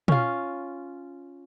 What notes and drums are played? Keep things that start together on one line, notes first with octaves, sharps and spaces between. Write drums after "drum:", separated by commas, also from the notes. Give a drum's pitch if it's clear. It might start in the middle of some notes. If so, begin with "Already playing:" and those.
C#4 F4, drum: tom